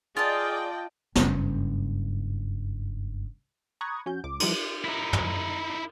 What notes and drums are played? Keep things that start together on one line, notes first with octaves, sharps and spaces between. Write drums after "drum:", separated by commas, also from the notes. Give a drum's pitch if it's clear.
F4 G#4 D5 D#5 G5 A5
F#1 G2, drum: snare
A#5 B5 C#6 D#6 F#6 G#6
F2 C#4 F#4 G6
C#2 D6
E3 F3 G3 D4 D#4, drum: cymbal
D#4 E4
drum: tom